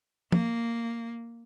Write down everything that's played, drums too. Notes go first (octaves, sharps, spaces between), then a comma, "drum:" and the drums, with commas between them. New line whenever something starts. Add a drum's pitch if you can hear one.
A#3, drum: tom